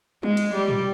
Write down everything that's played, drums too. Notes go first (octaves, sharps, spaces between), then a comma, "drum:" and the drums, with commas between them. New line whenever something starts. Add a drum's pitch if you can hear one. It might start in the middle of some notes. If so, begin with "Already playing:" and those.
G#3, drum: tom
drum: cymbal
G3
drum: tom A2